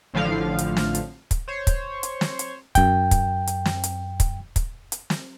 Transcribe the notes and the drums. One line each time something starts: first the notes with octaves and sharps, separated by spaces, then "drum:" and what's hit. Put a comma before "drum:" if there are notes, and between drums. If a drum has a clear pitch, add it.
A1 A2 D3 F3 F5
drum: hi-hat
drum: snare
drum: hi-hat
drum: kick, hi-hat
C5 C#5
drum: kick, hi-hat
drum: hi-hat
drum: snare
drum: hi-hat
F#2 G5, drum: kick, hi-hat
drum: kick, hi-hat
drum: hi-hat
drum: snare
drum: hi-hat
drum: kick, hi-hat
drum: kick, hi-hat
drum: hi-hat
drum: snare